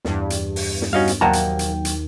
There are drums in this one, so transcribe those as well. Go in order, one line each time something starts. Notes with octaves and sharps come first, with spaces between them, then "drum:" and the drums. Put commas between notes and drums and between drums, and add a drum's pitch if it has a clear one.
E2 G2, drum: snare
drum: hi-hat
drum: open hi-hat
drum: snare
G3 C#4 D#4 F#4 F5
drum: hi-hat
A#1 D#2 F#3 A#3 F#5 G5 A5 A#5
drum: hi-hat
drum: hi-hat
drum: hi-hat